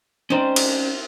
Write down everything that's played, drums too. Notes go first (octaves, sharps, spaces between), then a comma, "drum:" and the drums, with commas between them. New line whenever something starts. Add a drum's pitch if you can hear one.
C4 C#4 D#4 C5 D5
drum: cymbal